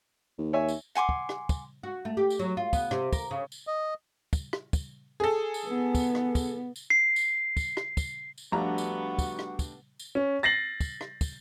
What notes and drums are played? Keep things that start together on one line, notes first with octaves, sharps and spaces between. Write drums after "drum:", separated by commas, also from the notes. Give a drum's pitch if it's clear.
D#2
C#5 E5 G#5
drum: tambourine
F#5 G#5 C6 D6
drum: kick
drum: rim click
drum: kick, tambourine
F#4
A3
G4
drum: tambourine
F#3
F4
B3, drum: kick, tambourine
C3, drum: rim click
A#4, drum: kick, tambourine
C#3
drum: tambourine
D#5
drum: kick, tambourine
drum: rim click
drum: kick, tambourine
G#4 A4
drum: tambourine
B3
drum: kick, tambourine
drum: rim click
drum: kick, tambourine
drum: tambourine
C7
drum: tambourine
drum: kick, tambourine
drum: rim click
drum: kick, tambourine
drum: tambourine
A#1 G3 A3 B3 D4 F#4 A#5
drum: tambourine
drum: kick, tambourine
drum: rim click
drum: kick, tambourine
drum: tambourine
C#4
A6 A#6 C7 F#7
drum: kick, tambourine
drum: rim click
drum: kick, tambourine